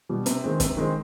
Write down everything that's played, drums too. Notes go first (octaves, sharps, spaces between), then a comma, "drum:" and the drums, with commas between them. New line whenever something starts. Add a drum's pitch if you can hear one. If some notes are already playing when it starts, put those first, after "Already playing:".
B2 G3
C3, drum: hi-hat
D#3 G#3 C4
C3, drum: kick, hi-hat
D#3 G#3 C4